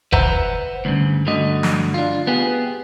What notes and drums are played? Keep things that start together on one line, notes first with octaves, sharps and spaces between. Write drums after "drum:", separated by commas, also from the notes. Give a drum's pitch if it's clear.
B4 C5 E5 F#5 A#5, drum: kick F#1
D2 G2 C#3
G2 D3 A3 F#4 D#5
drum: snare
D4 F4
B3 G4 G#4